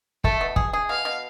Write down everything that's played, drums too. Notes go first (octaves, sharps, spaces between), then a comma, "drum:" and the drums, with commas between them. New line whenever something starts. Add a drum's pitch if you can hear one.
A3 A4, drum: kick
B2
G#4, drum: kick
G#4
B2 F5
B2